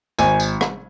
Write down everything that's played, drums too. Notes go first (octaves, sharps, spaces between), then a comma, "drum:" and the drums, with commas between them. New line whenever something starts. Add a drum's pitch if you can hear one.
G#1 G#5, drum: tambourine
drum: tambourine
drum: rim click